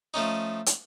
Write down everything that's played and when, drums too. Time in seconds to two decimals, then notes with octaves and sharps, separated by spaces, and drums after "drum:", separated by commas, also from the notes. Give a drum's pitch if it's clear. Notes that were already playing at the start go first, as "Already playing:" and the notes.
0.14 F3 A3 C#4 D#4
0.66 drum: hi-hat